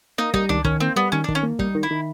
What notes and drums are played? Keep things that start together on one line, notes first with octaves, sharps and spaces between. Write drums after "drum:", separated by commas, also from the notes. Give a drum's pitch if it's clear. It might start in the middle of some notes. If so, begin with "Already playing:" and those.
A#3 D#4
G3 D#4, drum: kick
D#3 D4, drum: tom C#2
D#3 C#4, drum: kick
A#3 C4
G3 B3
D#3 C#4
D4
D#3, drum: kick
C#4
A#3
G3 D#4, drum: kick
D#3
E4
D#3